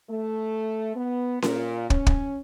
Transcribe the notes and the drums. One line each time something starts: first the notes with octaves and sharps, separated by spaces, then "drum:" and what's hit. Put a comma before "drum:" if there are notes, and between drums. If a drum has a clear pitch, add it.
A3
B3
A#2, drum: snare C#4
C#4, drum: kick
drum: kick